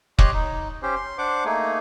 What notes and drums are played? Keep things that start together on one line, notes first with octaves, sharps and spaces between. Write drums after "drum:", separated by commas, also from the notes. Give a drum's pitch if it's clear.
G4 C#5 D#5 C6 F#6, drum: kick
D#4
C#4 G4 C5
C6
D4 C5 F#5 D6
A3 A#3 D#4 G#4